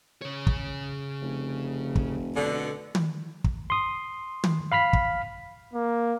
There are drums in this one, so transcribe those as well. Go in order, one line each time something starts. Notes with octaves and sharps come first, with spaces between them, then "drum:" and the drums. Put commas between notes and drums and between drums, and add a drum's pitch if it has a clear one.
C#3 C#5
drum: kick
F1
drum: kick
B2 D3
drum: tom
drum: kick
C6 D#6
drum: tom
F5 B5 F6 B6
drum: kick
A#3